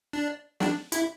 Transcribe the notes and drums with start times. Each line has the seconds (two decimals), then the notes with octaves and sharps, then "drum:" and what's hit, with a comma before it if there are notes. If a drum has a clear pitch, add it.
0.13 D4
0.60 D4, drum: snare
0.92 E4, drum: hi-hat